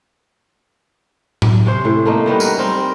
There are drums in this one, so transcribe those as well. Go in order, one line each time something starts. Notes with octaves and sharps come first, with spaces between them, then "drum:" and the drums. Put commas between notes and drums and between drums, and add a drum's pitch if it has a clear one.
drum: tom A2
C3 C#4 C5
A2
A3 A#3 D#4
D#3 G3 B3 C#4
A#4 B4 C#5, drum: tambourine
G3 C4 A#4